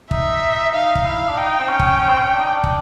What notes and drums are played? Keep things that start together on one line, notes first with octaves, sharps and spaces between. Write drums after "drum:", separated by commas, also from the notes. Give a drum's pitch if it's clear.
D#4 E5, drum: kick
D#4 F5
drum: kick
E4 F5
D4
D#4 G5
C4
C#4
drum: kick
C#4
C4
C#4
D4
D#4
D4
drum: kick